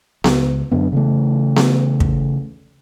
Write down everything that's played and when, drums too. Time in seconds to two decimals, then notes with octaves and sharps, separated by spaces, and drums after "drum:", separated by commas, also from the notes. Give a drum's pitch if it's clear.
0.24 C#2, drum: snare B3
0.72 F#2 D3 B3
0.92 C#3 E3 A3
1.56 drum: snare B3
2.00 drum: kick